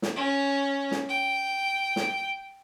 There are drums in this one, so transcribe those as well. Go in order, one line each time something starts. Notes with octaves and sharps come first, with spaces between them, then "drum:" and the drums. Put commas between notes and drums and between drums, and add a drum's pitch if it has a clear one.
drum: snare
C#4
drum: snare
G5
drum: snare